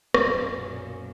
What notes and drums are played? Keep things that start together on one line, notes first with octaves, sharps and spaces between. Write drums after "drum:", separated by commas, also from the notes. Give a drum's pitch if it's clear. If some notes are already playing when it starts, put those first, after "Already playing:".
B1 F#2 A#2, drum: rim click